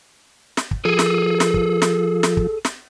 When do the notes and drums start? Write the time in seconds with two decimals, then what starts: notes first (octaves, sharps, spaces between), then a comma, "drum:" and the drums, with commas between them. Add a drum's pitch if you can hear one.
0.57 drum: snare
0.71 drum: kick
0.85 F3 G#4 A4
0.99 drum: snare
1.40 drum: snare
1.54 drum: kick
1.82 drum: snare
2.23 drum: snare
2.37 drum: kick
2.65 drum: snare